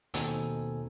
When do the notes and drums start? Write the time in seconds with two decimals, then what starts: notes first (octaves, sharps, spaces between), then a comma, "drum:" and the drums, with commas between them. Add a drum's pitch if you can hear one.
0.14 D#2 B2 C4 D#4 A4 G#5, drum: hi-hat